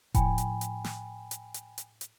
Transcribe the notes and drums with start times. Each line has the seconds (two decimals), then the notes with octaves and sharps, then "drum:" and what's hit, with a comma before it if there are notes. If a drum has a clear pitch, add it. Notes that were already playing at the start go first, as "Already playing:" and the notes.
0.15 A2 F3 G5 G#5 B5, drum: kick E1, hi-hat
0.38 drum: hi-hat
0.61 drum: hi-hat
0.84 drum: snare
1.31 drum: hi-hat
1.54 drum: hi-hat
1.78 drum: hi-hat
2.01 drum: hi-hat